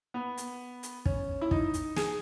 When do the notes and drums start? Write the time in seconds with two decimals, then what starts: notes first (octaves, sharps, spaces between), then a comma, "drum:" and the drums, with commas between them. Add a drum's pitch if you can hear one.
0.14 B3
0.37 drum: hi-hat
0.83 drum: hi-hat
1.06 C#4, drum: kick
1.41 E4
1.51 D#4, drum: kick
1.74 drum: hi-hat
1.96 G#4, drum: snare